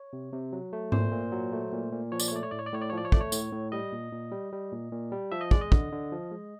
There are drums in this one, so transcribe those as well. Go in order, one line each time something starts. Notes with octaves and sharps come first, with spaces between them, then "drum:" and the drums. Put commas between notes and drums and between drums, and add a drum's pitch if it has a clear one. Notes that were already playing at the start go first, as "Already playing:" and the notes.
Already playing: C#5
C3
C3
F#3
A3
A#2 C5, drum: tom G#2
A#2
F#3
A3
A#2
A#2
F3 C#5
D5, drum: tambourine
C#5
A3 D5
C#5
A2 D5
C#5
D5
A2 C#5
D5
C#5
F3 D5
C#5
A3 D5, drum: kick
C#5
A2, drum: tambourine
A2
G3 D#5
A#2
A#2
G3
G3
A#2
A#2
G3
F3 E5
D#5
G#3 D5, drum: kick
D#5
D3, drum: kick
D3
F3
G#3